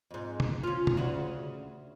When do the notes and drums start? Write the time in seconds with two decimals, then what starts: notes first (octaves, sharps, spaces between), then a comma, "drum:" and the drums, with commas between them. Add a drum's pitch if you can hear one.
0.11 F2 G#2
0.40 drum: tom
0.64 C#4 F4
0.87 drum: tom
0.97 D2 C#3 F#4